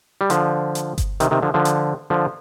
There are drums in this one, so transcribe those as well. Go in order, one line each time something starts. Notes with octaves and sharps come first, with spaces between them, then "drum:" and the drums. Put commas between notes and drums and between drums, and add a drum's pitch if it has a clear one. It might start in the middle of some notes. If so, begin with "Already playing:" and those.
G3
D3 F3, drum: hi-hat
drum: hi-hat
drum: kick G1, hi-hat
C3 D#3, drum: hi-hat
C3 D#3
D3 F3
D3 F3
drum: hi-hat
D3 F3